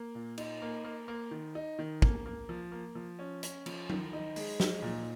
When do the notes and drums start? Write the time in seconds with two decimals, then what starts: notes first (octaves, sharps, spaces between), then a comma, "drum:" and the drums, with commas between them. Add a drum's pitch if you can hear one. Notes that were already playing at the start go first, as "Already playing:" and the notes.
Already playing: A#3
0.15 A#2
0.38 D#4, drum: cymbal
0.62 A#3
0.84 A#3
1.08 A#3
1.31 D#3
1.55 D#4
1.79 D#3
2.02 A#3, drum: kick
2.26 A#3
2.49 F3
2.72 A#3
2.95 F3
3.19 C#4
3.43 C#4, drum: hi-hat
3.66 F3, drum: cymbal
3.90 D#3, drum: tom F#3
4.13 D#4
4.36 G#3, drum: open hi-hat
4.60 D#4, drum: snare
4.82 A#2